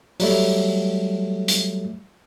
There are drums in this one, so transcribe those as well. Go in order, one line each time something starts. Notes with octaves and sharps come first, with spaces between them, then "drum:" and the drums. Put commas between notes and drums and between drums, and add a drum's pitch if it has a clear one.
F#3 G3 A3, drum: open hi-hat
drum: hi-hat